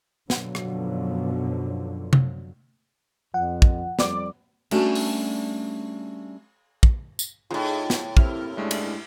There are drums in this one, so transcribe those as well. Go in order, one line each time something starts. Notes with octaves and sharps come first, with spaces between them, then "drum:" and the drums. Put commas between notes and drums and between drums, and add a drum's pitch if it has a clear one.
F#2 B2 D3 F3 F#3, drum: snare
drum: rim click
drum: tom C3
F2 F3 F#5
drum: kick
F2 G3 D5 D6, drum: snare
G3 A3 C#4 D4 F#4 A4, drum: cymbal
drum: open hi-hat
drum: kick
drum: tambourine
F2 A2 D#4 F4 G#4
drum: snare
C3 A#3 C4 E4 G4 F6, drum: kick
G2 C#3 G#3 A3 C#4 D4
drum: cymbal